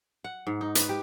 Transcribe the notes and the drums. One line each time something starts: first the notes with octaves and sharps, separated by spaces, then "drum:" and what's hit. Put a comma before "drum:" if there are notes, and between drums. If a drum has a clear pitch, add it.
F#5
G#2
D#4
B4, drum: hi-hat
G4